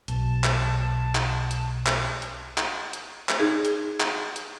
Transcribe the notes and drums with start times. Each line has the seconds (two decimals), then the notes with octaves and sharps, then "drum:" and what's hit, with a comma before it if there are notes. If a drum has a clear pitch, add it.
0.08 B1 A5, drum: hi-hat
0.44 drum: clap
1.15 drum: clap
1.51 drum: hi-hat
1.86 drum: clap
2.22 drum: hi-hat
2.58 drum: clap
2.93 drum: hi-hat
3.29 drum: clap
3.40 D#4 G#4
3.65 drum: hi-hat
4.00 drum: clap
4.36 drum: hi-hat